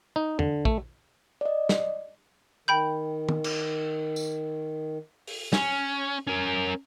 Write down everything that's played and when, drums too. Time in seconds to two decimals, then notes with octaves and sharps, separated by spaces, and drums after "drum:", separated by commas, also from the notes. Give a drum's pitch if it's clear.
0.16 D#4
0.39 D3, drum: tom
0.65 A3, drum: kick
1.41 D5 D#5
1.69 drum: snare
2.68 D#3 G5 B5 G6
3.29 drum: tom
3.44 drum: cymbal
4.16 drum: tambourine
5.27 drum: open hi-hat
5.53 C#4, drum: snare
6.27 C#4 A#4